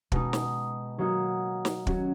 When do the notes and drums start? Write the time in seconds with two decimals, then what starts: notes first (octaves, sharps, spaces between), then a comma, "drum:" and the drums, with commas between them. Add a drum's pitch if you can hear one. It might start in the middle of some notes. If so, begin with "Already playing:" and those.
0.12 B2 G#3 D#4, drum: kick
0.33 drum: snare
0.98 F#3 A#3 D#4 F#4
1.65 drum: snare
1.87 F#3 C#4 F#4, drum: kick